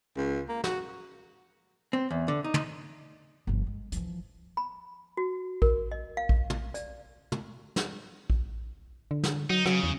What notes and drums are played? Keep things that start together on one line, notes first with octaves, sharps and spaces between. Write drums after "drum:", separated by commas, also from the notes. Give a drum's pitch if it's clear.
C#2
A#3
F#4, drum: snare
C4
E2
D3
D#4
drum: tom
G1 F3
G#3
E3 F3, drum: hi-hat
B5
F#4
A#4, drum: kick A#1
D#5
F5
drum: kick A#1
drum: tom
D5, drum: hi-hat
drum: tom
drum: snare
drum: kick A#1
D3
drum: snare
F#3 D#4
C#3 F#3, drum: rim click
E2